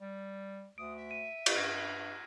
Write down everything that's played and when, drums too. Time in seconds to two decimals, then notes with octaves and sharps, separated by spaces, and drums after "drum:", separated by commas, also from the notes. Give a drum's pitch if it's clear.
0.01 G3
0.78 D2 D#6 D7
0.97 E5
1.11 D#7
1.46 drum: cymbal
1.55 G2 F6 G#6 A#6